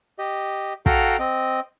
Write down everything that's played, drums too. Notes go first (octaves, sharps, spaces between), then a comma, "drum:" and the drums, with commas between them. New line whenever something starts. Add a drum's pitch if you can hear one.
G4 D#5
F#4 A4 F5 G5 A#5, drum: kick
C4 D#5